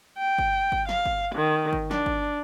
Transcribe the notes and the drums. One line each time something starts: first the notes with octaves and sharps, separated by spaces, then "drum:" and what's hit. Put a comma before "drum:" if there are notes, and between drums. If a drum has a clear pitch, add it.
G5
drum: kick G1
drum: kick G1
F5, drum: snare
drum: kick G1
D#3
drum: kick G1
D4, drum: snare
drum: kick G1